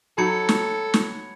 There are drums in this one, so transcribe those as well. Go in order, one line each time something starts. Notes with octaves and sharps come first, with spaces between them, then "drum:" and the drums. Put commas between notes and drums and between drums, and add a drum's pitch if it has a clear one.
F#3 D#4 A4 B5 G#6 C#7
drum: snare
drum: snare